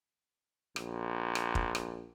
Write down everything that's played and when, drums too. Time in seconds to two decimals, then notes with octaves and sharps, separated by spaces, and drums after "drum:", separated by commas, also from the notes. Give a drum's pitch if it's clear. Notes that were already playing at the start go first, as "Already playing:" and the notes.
0.76 A#1, drum: rim click
1.35 drum: rim click
1.55 drum: kick
1.75 drum: rim click